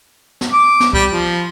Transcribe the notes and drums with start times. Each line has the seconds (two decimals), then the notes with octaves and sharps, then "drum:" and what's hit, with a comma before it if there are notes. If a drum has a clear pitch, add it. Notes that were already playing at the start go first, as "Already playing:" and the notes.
0.41 drum: snare
0.53 D6
0.80 drum: snare
0.93 G3, drum: kick C2
1.11 F3